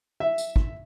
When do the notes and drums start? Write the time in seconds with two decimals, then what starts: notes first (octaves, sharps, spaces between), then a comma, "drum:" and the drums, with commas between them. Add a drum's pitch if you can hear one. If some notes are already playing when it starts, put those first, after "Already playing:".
0.20 E5
0.38 drum: tambourine
0.56 drum: kick